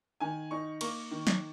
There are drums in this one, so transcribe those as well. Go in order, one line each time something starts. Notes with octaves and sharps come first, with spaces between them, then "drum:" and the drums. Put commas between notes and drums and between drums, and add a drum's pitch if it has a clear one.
D#3 G#5
D#4 C#6
A#3 C#6, drum: cymbal
D#3
drum: snare